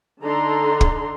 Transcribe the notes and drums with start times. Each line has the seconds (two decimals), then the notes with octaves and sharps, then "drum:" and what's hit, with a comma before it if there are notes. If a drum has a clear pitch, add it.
0.22 D3 D4 D#4 A4 A#5 C6
0.81 drum: kick